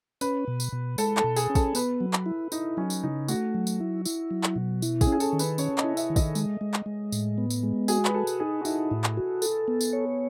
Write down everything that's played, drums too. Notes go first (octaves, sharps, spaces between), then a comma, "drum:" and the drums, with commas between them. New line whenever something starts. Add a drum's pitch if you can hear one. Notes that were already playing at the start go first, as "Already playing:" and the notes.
C#4 B4, drum: tambourine
B2
drum: tambourine
B2
G#3 A4, drum: tambourine
A4, drum: clap
B2
G#4, drum: tambourine
C#4
A4, drum: kick, tambourine
B3 B4, drum: tambourine
F#3
drum: clap
E4
D#4 E4, drum: tambourine
F#3 C#4
drum: tambourine
C#3 D#4
A3 F#4, drum: tambourine
F#3
drum: tambourine
E4
E4, drum: tambourine
F#3
drum: clap
B2
E4, drum: tambourine
G#4, drum: kick, tambourine
C#4
G#4
A4, drum: tambourine
D#3
B4, drum: tambourine
C#4 C#5, drum: tambourine
D#5, drum: clap
E4
E5, drum: tambourine
D#3
D#5, drum: kick, tambourine
G#3, drum: tambourine
G#3
drum: clap
G#3
A2, drum: tambourine
B3
drum: tambourine
G#3
F#4 G#4, drum: tambourine
B4, drum: clap
F#4 A4
drum: tambourine
D#4 G#4
F#4
D#4 E4, drum: tambourine
A2
drum: clap
F#4
A4, drum: tambourine
B3
drum: tambourine
C#5